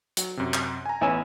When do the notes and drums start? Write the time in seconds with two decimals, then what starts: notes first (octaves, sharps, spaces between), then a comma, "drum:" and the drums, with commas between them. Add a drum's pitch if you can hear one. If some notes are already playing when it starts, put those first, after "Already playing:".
0.17 F#3, drum: hi-hat
0.37 F#2 C3
0.54 drum: clap
0.86 G#5 A#5
1.01 A1 B3 E4 C#5 G#5 E7